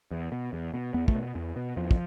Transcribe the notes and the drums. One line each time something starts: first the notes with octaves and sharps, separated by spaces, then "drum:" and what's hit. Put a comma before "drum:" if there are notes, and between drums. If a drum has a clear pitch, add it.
E2
B2
E2
B2
E2 B3
A3, drum: kick
B2
E2
B2
E2 F3
drum: kick